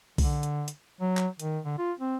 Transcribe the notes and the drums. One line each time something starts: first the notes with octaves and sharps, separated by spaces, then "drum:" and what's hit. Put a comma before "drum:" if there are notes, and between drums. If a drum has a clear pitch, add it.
D3, drum: kick B1, open hi-hat
drum: hi-hat
drum: hi-hat
F#3
drum: clap
D#3, drum: hi-hat
D3
F4
C4